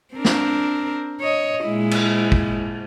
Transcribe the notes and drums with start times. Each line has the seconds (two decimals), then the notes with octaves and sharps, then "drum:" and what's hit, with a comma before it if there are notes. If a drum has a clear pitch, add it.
0.14 C4 D4 A#4
0.25 drum: snare
1.21 C#5 D#5
1.64 A#2 G#3 E4
1.91 drum: cymbal
2.32 drum: kick